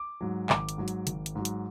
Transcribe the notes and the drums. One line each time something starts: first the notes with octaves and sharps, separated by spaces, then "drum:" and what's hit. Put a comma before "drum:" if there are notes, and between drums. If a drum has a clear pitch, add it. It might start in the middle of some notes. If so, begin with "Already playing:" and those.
Already playing: D6
G#2 F#3
G#1 D6, drum: clap
drum: hi-hat
G#2 F#3
drum: hi-hat
G#1, drum: hi-hat
drum: hi-hat
G#2 F#3
drum: hi-hat